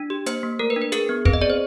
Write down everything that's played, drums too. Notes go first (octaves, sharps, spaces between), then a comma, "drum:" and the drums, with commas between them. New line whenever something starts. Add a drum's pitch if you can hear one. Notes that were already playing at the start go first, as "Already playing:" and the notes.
Already playing: D4
G4
A#3 C5, drum: hi-hat
A#3
A3 A#4
B4
D4
B4
G#4 A#4, drum: hi-hat
B3
C4 B4, drum: kick
D#5
G#4 D5
C5